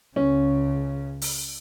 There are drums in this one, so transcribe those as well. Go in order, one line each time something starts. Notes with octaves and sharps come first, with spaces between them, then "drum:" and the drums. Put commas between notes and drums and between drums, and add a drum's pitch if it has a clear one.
C#2 C#3 C#4
drum: open hi-hat